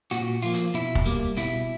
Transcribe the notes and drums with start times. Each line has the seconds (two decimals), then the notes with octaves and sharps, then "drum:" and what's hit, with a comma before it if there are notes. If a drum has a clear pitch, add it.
0.11 A#2 F#4, drum: hi-hat
0.43 F3 A#3 F4
0.54 drum: hi-hat
0.74 B2 E4
0.95 drum: kick F1
1.06 G3 A#3
1.37 B2 E4, drum: hi-hat